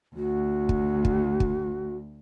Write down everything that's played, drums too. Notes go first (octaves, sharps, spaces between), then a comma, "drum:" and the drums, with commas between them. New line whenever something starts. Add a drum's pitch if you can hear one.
D2 F#4
drum: kick
drum: kick
drum: kick